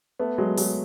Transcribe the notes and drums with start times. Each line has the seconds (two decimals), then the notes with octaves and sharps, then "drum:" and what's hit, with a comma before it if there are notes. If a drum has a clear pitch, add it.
0.19 A3 B3
0.38 F#3 G#3
0.58 F#3 G#3, drum: open hi-hat